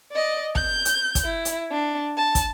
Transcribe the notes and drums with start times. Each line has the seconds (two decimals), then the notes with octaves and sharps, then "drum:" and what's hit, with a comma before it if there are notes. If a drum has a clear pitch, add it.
0.12 D5 D#5
0.55 G6, drum: kick
0.85 drum: hi-hat
1.15 drum: kick, hi-hat
1.24 E4
1.45 drum: hi-hat
1.71 D4
2.17 A5
2.35 drum: kick, hi-hat